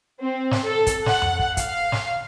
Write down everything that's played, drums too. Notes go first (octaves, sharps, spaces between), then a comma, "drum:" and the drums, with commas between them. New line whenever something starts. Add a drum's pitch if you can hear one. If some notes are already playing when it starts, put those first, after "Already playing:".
C4
drum: snare
A4
drum: kick, hi-hat
F#5, drum: snare
drum: tom F2
drum: kick
F5, drum: kick, hi-hat
drum: snare